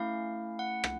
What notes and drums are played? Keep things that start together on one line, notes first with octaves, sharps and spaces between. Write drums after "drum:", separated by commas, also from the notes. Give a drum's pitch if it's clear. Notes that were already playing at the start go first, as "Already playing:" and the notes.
Already playing: A3 C#4 E4 F5
F#5
drum: rim click